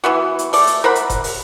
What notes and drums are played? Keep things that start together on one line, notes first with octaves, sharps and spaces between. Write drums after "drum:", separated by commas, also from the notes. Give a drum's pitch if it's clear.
E3 B3 F#4
drum: hi-hat
A3 D5, drum: open hi-hat
drum: hi-hat
A#4 C5 F#5 B5
drum: hi-hat
drum: kick F#1, hi-hat
drum: open hi-hat